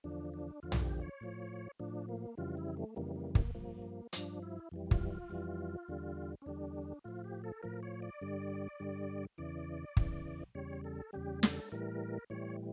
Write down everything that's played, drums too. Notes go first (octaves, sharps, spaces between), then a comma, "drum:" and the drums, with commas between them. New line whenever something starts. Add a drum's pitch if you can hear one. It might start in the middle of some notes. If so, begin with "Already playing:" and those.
E2 D3 F3 D4
D4
E2 D3 F3 F4
drum: tom
G4
C#5
A2 F3
A2 F3 D4
A#3
F2 C#3 E3 G3 F4
E4
A3
F2 C#3 E3 G3 A#3
A#3
A#3, drum: kick
G2 F3 A#3
G2 F3 D4, drum: hi-hat
E4
F2 E3 G3
F4, drum: kick
F4
F2 E3 G3
E2 D3 G3
C#4
E2 D3 G3 D4
A2 F3 F4
G4
A4
A2 F3 A#4
C#5
D5
G2 D3 G3
G2 D3 G3
E2 C#3 E3 D5
E2 C#3 E3, drum: kick
E2 C#3 G3 C#5
A4
E2 C#3 G3 G4
A4, drum: snare
A2 E3 G3 A#4
A2 E3 G3 C#5